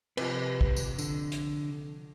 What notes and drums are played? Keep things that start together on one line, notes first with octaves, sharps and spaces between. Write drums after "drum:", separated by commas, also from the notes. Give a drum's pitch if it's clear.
C3 F3 G4 B4, drum: cymbal
drum: kick
drum: tambourine
D3, drum: tambourine
drum: hi-hat